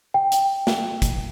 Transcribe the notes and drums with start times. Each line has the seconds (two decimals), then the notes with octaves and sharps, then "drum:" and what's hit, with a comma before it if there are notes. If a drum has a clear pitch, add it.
0.14 G5
0.32 drum: hi-hat
0.67 drum: snare
1.02 drum: kick, hi-hat